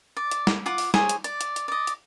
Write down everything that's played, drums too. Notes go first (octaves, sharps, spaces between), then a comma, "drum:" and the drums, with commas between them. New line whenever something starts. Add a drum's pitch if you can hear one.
D5
drum: hi-hat
drum: snare
F4 F#5 D6
drum: open hi-hat
G#4 C5 C#5, drum: snare
drum: hi-hat
D5, drum: hi-hat
drum: hi-hat
drum: hi-hat
D5 D#5
drum: hi-hat